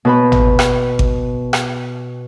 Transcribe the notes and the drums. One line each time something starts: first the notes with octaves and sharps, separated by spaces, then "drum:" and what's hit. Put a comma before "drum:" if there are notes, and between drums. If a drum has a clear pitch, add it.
B2 B4 B5
drum: tom G#1
drum: rim click
drum: kick G#1
drum: rim click